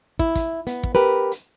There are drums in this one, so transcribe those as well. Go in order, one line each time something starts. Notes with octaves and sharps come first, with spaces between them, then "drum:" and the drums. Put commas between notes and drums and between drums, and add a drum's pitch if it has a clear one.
E4, drum: kick
drum: kick, hi-hat
B3, drum: hi-hat
drum: kick
G4 A#4 B4
drum: hi-hat